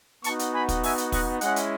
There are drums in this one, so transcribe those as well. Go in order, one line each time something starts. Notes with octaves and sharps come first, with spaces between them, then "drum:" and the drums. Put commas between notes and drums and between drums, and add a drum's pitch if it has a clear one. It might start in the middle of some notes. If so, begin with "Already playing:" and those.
B3 D#4 F#4 A5 C#6, drum: hi-hat
drum: hi-hat
G#5 B5
drum: kick, hi-hat
E5 G#5, drum: open hi-hat
drum: hi-hat
D#5 F#5, drum: kick, open hi-hat
G#3 C#4 E4 D#5 F#5, drum: hi-hat
drum: hi-hat